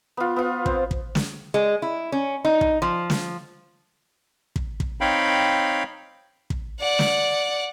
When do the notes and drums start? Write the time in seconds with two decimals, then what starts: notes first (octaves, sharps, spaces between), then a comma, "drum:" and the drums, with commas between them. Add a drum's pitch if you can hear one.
0.17 B3 F4
0.36 B3 F4
0.66 C4, drum: kick
0.91 drum: kick
1.15 drum: snare
1.54 G#3
1.82 E4
2.12 C#4
2.45 D#4
2.61 drum: kick
2.82 F3
3.10 drum: snare
4.56 drum: kick
4.80 drum: kick
5.01 C4 D#4 C#5 F5 G5 B5
6.50 drum: kick
6.80 D5 F#5
6.99 drum: snare